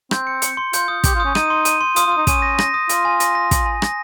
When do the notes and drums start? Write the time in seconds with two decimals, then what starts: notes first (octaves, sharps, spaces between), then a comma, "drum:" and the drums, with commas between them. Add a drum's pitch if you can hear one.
0.11 C4 G6, drum: rim click
0.27 C#7
0.42 C#7, drum: hi-hat
0.57 C6
0.73 F4 G6, drum: hi-hat
0.88 F4 D#6
1.04 G4 G6, drum: kick, hi-hat
1.15 F4
1.20 D#6
1.25 C#4
1.35 D#4 D#7, drum: rim click
1.50 C6
1.65 D#7, drum: hi-hat
1.81 C6
1.96 F4 D#6, drum: hi-hat
2.06 F4
2.12 D#6
2.17 D#4
2.27 C#4 D#7, drum: kick, hi-hat
2.42 A#6
2.59 A#6, drum: rim click
2.74 D#6
2.89 F4 A#6, drum: hi-hat
3.05 G#5
3.20 A#6, drum: hi-hat
3.35 A#6
3.51 A#6, drum: kick, hi-hat
3.66 G#5
3.82 A#6, drum: rim click